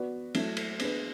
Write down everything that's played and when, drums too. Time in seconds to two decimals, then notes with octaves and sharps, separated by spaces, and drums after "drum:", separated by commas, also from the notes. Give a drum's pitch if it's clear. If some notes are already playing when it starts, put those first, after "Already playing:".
Already playing: B3 F#4 B4 D5
0.34 F#3 A3 E4, drum: cymbal
0.57 drum: cymbal
0.79 B3 D4 G#4 B4, drum: cymbal